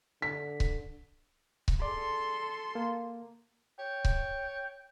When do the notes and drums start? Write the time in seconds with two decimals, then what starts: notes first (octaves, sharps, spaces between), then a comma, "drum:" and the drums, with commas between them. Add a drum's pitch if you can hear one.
0.22 D3 B6
0.60 drum: kick C#1
1.68 drum: kick C#1
1.82 G#4 A4 D5 C6
2.75 A#3
3.79 C#5 G5
4.05 drum: kick C#1